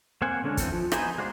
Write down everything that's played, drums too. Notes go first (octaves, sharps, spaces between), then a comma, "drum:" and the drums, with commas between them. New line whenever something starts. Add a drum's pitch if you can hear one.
A#3 C4 C5 F#5 G#5
D3 G#3 C#4 D4
E3 C4 A4, drum: kick, hi-hat
F3
B3 D#4 C5 G#5, drum: rim click
G#3 F#4 C5 D5 F5